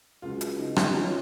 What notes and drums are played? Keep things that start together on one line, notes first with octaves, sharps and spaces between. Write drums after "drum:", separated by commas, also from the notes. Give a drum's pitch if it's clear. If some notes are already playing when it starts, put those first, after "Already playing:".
C#2 C#3 F#3 F4
drum: hi-hat
D#4
D#4, drum: rim click
F4
C#4